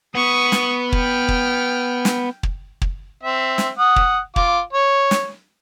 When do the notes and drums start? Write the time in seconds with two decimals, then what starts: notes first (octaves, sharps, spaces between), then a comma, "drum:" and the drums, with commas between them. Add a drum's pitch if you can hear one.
0.15 B3 C#6 D#6
0.52 drum: snare
0.92 G5 F6, drum: kick
1.28 drum: kick
2.05 drum: snare
2.43 drum: kick
2.81 drum: kick
3.23 C4 E5
3.58 drum: snare
3.78 F#5 D#6
3.96 drum: kick
4.36 F4 D6, drum: kick
4.73 C#5
5.11 drum: snare